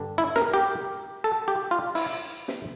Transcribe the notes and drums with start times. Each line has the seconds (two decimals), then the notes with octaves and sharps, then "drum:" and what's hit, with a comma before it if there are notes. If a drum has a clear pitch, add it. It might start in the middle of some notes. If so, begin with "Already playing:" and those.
Already playing: G2 D3 G3 D4
0.18 E4
0.36 A#4, drum: snare
0.54 G4
1.24 A4
1.48 G4
1.71 F4
1.95 E4, drum: open hi-hat
2.48 drum: snare